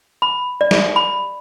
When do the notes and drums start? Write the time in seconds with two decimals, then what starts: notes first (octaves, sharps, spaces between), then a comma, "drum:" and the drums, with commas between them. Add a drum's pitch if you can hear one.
0.22 B5
0.61 D5
0.71 drum: snare
0.96 B5